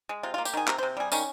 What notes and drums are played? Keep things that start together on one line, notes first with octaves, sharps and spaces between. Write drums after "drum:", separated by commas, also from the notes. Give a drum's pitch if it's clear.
G#3
C3 F4
F4
A#3
G4, drum: tambourine
D#3 G#4
C3 A#4, drum: clap
C5
C3
G3 G#4
D#3 C#4, drum: tambourine